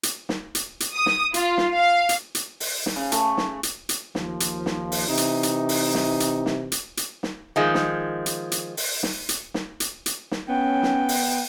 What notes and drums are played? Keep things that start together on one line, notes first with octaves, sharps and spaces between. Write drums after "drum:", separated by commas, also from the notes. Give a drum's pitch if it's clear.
drum: hi-hat
drum: snare
drum: hi-hat
drum: hi-hat
D#6
drum: snare
F4, drum: hi-hat
drum: snare
F5
drum: hi-hat
drum: hi-hat
drum: open hi-hat
drum: snare
C#3
A3, drum: hi-hat
drum: snare
drum: hi-hat
drum: hi-hat
D#2 F3, drum: snare
drum: hi-hat
drum: snare
drum: open hi-hat
C3 E3 D#4
drum: hi-hat
drum: hi-hat
drum: open hi-hat
drum: snare
drum: hi-hat
drum: snare
drum: hi-hat
drum: hi-hat
drum: snare
D#3 F3 G#3
drum: snare
drum: hi-hat
drum: hi-hat
drum: open hi-hat
drum: snare
drum: hi-hat
drum: snare
drum: hi-hat
drum: hi-hat
drum: snare
B3 C#4 G5
drum: snare
drum: open hi-hat